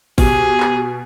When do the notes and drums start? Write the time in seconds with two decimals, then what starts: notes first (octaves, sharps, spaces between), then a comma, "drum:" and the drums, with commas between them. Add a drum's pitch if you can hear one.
0.18 B2 G4 G#4, drum: kick G#1, open hi-hat
0.60 drum: clap